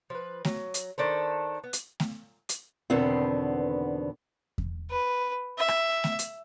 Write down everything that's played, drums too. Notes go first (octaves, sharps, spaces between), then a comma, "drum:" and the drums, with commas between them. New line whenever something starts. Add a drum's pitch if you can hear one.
F3 B4
F#3, drum: snare A3
drum: hi-hat
D#3 D4 A4 C5
B3
drum: hi-hat
drum: snare A3
drum: hi-hat
E2 B2 D3 D#3 B3 C4
drum: kick E2
B4
E5
drum: rim click
drum: snare A3
drum: hi-hat